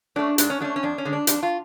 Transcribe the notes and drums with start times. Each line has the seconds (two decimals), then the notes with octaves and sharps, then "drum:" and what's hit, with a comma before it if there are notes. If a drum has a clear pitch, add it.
0.16 F#3 A3 C#4 D4
0.38 G#2 D4, drum: hi-hat
0.50 C#4
0.60 F#3 A3 C#4 D4
0.76 C#4
0.83 F2 D4
0.98 C#4
1.05 D3 G#3
1.13 D4
1.27 F2 D4, drum: hi-hat
1.43 F4